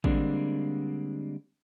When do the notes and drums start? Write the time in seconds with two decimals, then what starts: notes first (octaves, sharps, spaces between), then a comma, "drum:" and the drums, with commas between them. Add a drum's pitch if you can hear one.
0.04 D3 G3 G#3 A#3 C4 D4, drum: kick